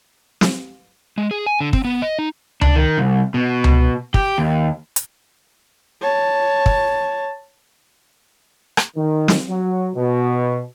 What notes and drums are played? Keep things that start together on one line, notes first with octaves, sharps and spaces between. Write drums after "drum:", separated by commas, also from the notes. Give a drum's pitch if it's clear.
drum: snare
G#3
G#4
G#5
D3
C4, drum: kick
B3
D#5
D#4
D4, drum: tom C#2
D#3
C2
B2
drum: tom C#2
G4, drum: kick
D#2
drum: hi-hat
C#5 A5
drum: kick
drum: rim click
D#3
drum: snare
F#3
B2